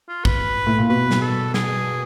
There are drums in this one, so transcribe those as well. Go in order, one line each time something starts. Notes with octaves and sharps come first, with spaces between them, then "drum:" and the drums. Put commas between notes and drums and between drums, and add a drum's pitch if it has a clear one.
F4
B4, drum: kick
A2
A#2
B2 B4
drum: snare
A4
G#4, drum: snare